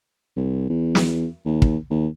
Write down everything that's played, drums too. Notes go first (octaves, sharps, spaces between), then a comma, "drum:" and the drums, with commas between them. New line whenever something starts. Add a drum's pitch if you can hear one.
C2
E2
drum: snare
D#2
drum: kick
D#2